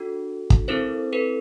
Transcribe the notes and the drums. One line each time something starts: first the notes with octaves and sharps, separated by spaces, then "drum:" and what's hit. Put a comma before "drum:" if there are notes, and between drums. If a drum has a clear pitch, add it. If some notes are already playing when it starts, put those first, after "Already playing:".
Already playing: D4 F#4 A4
drum: kick
C4 E4 A4 A#4 C5
A4 B4